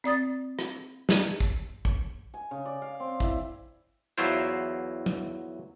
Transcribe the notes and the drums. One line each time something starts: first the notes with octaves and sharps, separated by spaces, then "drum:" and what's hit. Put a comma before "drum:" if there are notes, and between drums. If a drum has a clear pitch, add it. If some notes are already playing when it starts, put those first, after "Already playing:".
C4 D5 D#6 A6
drum: rim click
drum: snare
drum: kick A1
drum: kick A1
G#5
C#3
D5
F5
C4
E4, drum: kick A1
E2 F#3 E4 F4 C5
drum: tom